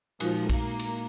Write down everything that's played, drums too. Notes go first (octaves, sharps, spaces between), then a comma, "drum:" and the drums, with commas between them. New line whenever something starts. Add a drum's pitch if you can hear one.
A#2 F3 G#3 D#4 F#4, drum: cymbal
A#3, drum: kick A#1, cymbal
drum: cymbal